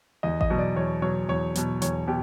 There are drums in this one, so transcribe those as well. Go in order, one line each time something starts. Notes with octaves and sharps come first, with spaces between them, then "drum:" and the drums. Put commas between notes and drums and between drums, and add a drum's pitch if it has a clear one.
E2 D#5
D#5, drum: kick A1
B2 F#3
D5
E2 C#5
B2 F#3 C#5
E2 C#5
B2 F#3, drum: hi-hat
E2 C#5, drum: hi-hat
B2 G4